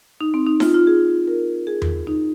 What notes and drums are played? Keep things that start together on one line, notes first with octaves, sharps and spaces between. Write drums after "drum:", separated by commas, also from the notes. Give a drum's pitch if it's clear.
D#4
C4
D#4
F4, drum: snare D#4
F4
G#4
A#4
G#4
drum: tom E2
D#4